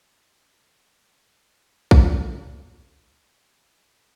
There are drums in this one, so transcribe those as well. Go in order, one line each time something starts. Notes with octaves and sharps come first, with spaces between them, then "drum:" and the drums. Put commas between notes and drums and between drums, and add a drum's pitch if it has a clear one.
C#5
F#4, drum: kick
D5
G#4
C#4
G4
B4